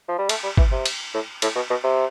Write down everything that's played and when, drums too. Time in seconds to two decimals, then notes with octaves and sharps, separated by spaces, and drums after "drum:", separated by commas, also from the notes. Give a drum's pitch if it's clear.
0.08 F3
0.18 G3
0.29 A3, drum: cymbal
0.43 G3
0.57 E3, drum: kick
0.72 C3
0.86 drum: cymbal
1.14 A2
1.42 A2, drum: cymbal
1.55 B2
1.70 B2
1.84 C3